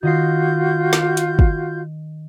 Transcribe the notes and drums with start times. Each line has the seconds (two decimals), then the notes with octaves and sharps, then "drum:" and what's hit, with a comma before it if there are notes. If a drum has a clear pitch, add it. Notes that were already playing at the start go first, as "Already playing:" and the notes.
0.03 D#3 F4 F#4 D#5 G6 C7
0.93 drum: snare
1.17 drum: hi-hat
1.39 drum: kick